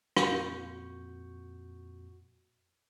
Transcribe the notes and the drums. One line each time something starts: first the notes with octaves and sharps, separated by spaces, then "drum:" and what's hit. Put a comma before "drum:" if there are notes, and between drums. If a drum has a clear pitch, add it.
F2 A#2 F#4 C#6 G6 C#7, drum: rim click